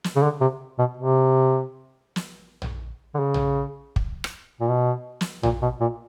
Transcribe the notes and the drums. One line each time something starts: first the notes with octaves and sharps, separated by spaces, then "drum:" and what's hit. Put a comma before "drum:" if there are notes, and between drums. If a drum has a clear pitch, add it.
drum: snare
C#3
D3
C3
B2
C3
drum: snare
drum: tom A#1
D3
C#3
drum: tom A#1
drum: kick
drum: rim click
A#2
B2
drum: snare
A#2, drum: tom A#1
B2
A#2